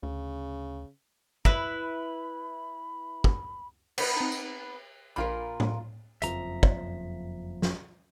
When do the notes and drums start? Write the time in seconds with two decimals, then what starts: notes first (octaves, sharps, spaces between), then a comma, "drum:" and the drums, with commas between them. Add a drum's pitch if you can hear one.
0.03 D2 C#3
1.45 E4 B4 B5, drum: kick
3.24 drum: kick
3.98 B3 B4, drum: cymbal
4.17 C4 D#4
4.32 drum: tambourine
5.16 A#1 A#2 F4 A#4 B5
5.60 drum: tom A2
6.22 F#1 F2 F3 E5 A#5, drum: hi-hat
6.63 drum: kick
7.62 drum: snare